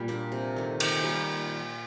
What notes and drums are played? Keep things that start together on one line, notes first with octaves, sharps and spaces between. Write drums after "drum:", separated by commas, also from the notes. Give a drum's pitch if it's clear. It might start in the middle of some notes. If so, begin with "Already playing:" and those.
Already playing: A#2 G3
A#3 D4 G4
C3
D#3 A3
D#3, drum: cymbal
G3 A#3